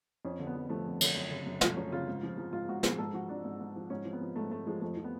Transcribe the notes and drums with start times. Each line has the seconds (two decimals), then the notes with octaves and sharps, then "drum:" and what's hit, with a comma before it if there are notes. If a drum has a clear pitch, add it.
0.25 F2 C#4
0.39 D3
0.47 B3
0.55 F2
0.69 F3 A3
0.85 F2
1.01 D3, drum: cymbal
1.16 F#2
1.31 C#3
1.46 F#2
1.61 F3 A3, drum: snare
1.77 F#2 C#4
1.92 C#3 F4
2.08 G#2
2.23 F3
2.38 F3
2.53 G#2 F4
2.69 G#2 F#4
2.83 F3 G#4, drum: snare
2.99 G#2 A4
3.14 F3 F#4
3.29 F3 D4
3.45 G#2
3.61 G#2
3.76 F3
3.90 G#2 C#4
4.05 F3
4.13 B3
4.22 F3
4.36 G#2 A3
4.51 G#2 A3
4.67 F3 G#3
4.81 F2 A3
4.97 F3
5.04 B3